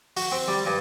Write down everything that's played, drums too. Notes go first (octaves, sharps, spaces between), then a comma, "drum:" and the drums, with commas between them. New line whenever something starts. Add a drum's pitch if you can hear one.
F#4, drum: open hi-hat
C4
G3
G2